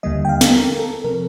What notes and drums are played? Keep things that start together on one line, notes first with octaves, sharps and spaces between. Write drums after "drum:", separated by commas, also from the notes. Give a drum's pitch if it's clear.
D#2 D3 G3 A#3 D#5
G5
F5
A4, drum: snare
A#4
A4
C3 F3 C4 A#4